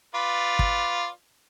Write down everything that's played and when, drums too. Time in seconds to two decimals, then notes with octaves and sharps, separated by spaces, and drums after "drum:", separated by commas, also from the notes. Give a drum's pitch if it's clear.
0.15 F4 B4 D5
0.59 drum: kick